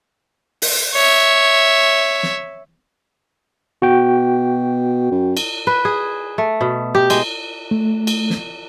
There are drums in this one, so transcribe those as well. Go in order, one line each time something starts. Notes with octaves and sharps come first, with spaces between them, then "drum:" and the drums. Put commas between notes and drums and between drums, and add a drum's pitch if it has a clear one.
drum: open hi-hat
C#5 E5
drum: snare
B2 F#4 G5
F#2
drum: cymbal
B4
G#4
A3
B2
G4
G#3, drum: cymbal
A3
drum: cymbal
drum: snare